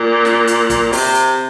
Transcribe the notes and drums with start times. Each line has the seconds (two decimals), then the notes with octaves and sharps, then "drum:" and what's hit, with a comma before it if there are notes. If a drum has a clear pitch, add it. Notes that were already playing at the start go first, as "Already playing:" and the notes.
Already playing: A#2
0.25 drum: snare
0.47 drum: hi-hat
0.70 drum: kick, hi-hat
0.92 C3, drum: open hi-hat
1.15 drum: hi-hat